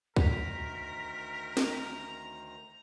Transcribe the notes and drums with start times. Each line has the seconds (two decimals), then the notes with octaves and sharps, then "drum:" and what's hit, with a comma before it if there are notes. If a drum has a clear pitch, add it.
0.16 D2 D#3 A#4 C5 A#5 B6, drum: kick C2
1.57 drum: snare